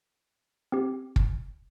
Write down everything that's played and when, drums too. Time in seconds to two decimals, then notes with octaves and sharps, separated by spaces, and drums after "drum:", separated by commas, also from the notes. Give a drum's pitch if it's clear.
0.72 C4 G4
1.16 drum: kick